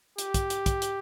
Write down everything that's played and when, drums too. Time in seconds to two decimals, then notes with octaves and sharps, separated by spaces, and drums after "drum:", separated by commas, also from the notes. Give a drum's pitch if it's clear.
0.18 G4, drum: hi-hat
0.34 drum: kick, hi-hat
0.50 drum: hi-hat
0.66 drum: kick, hi-hat
0.82 drum: hi-hat